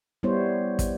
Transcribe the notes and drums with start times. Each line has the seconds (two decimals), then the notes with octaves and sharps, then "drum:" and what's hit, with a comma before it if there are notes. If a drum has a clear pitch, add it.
0.23 G3 B3 E4 C5 C#5
0.79 drum: kick, hi-hat